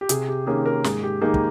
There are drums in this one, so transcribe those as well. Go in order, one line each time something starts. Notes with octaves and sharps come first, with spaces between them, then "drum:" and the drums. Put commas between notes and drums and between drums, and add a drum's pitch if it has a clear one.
G4
C3 G#4, drum: hi-hat
G4
D#3 A#3 C#4 G#4
A#4
G#2 G#4, drum: snare
G4
D#3 A#3 D#4 G#4
drum: kick